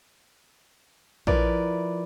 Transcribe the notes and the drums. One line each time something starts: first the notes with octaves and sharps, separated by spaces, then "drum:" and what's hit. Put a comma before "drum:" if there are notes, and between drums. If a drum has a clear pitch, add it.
F3 E4 A#4 B4 D5, drum: kick A#1